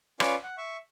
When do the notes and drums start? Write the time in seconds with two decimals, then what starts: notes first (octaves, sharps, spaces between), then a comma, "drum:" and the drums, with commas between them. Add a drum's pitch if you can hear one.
0.20 C#4 F4 B4 D5 F5 C#6, drum: rim click
0.43 F#5
0.58 E5 C#6